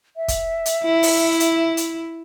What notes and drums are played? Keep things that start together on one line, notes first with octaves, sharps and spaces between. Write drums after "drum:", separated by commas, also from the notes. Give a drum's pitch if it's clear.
E5
drum: kick, hi-hat
drum: hi-hat
E4
drum: open hi-hat
drum: hi-hat
drum: hi-hat